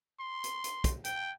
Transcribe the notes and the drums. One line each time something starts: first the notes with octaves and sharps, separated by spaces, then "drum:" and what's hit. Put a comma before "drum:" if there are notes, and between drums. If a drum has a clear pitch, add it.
C6
drum: hi-hat
drum: hi-hat
drum: kick, hi-hat
G5, drum: hi-hat